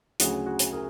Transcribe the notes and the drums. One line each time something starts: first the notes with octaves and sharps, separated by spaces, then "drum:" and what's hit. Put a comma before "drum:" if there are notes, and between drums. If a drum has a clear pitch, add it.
D2 C#3 F#3 F#4 G#4, drum: hi-hat
F#4 G#4
drum: hi-hat
G#4 A#4